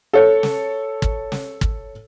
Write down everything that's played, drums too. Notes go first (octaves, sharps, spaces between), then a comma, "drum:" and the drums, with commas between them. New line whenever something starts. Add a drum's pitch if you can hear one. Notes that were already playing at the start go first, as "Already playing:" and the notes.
A4 C#5
drum: snare
drum: kick
drum: snare
drum: kick